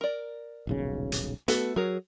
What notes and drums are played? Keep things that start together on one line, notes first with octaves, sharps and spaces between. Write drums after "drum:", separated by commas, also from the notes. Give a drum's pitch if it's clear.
A#4 D5
D#1 B1 C#3
drum: hi-hat
A3 B3 F#4 A4, drum: hi-hat
F#3 G#4 A#4